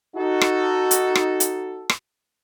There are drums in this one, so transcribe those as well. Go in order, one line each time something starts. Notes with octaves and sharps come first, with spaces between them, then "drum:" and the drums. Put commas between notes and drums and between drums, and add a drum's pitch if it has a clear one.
D#4 F#4 A4
drum: rim click
drum: hi-hat
drum: rim click
drum: hi-hat
drum: rim click